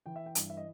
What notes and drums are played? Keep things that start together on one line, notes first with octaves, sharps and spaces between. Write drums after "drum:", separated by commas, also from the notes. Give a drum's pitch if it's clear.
E3 G5
E5
G5
G2, drum: hi-hat
E5
D#5